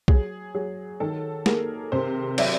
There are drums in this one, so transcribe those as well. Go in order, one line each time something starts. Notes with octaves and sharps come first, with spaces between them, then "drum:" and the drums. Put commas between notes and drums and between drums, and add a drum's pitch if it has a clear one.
F#3 G#4, drum: kick B1
F#3 G#4
D#3 A4
A#3 G#4 A#4, drum: snare
C3 A#4 C5
F#3 D5 E5, drum: cymbal